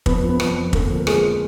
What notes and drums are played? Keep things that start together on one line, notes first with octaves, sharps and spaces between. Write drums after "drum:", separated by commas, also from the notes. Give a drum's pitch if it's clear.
F2 B3 B4, drum: kick
F3
B3 B4
F2, drum: rim click
F2
D3 A#3 A#4, drum: kick
F3
A#4
F2 G#3 G#4, drum: rim click